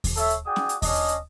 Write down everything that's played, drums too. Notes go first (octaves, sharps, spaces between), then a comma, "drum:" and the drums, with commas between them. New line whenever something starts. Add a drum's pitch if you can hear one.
drum: kick D#2, open hi-hat
A4 C#5 E5, drum: hi-hat
drum: hi-hat
F#4 G#4 D5 G5 D#6
drum: snare
drum: hi-hat
C#4 D4 D#5, drum: kick D#2, open hi-hat
drum: hi-hat
drum: hi-hat